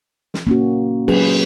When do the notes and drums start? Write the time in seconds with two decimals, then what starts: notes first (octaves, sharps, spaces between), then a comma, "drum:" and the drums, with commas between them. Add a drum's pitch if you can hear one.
0.34 drum: snare
0.47 A#3 C#4 F#4
1.08 F#3 C#4 G#4 B4, drum: cymbal